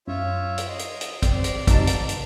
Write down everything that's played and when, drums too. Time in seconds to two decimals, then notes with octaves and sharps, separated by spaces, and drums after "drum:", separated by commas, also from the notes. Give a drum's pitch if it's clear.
0.07 F#2 F4 C#5 E5
0.58 drum: hi-hat
0.69 D#5 C6
0.79 drum: hi-hat
1.01 drum: hi-hat
1.22 C4 D5 C6, drum: kick, hi-hat
1.44 drum: hi-hat
1.67 C3 D#4 A5, drum: kick, hi-hat
1.87 drum: hi-hat
2.09 drum: hi-hat